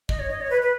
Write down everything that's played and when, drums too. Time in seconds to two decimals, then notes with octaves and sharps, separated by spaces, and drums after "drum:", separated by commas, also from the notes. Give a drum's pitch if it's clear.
0.09 D#5, drum: kick
0.19 C#5
0.31 D#5
0.41 C#5
0.50 B4
0.62 B4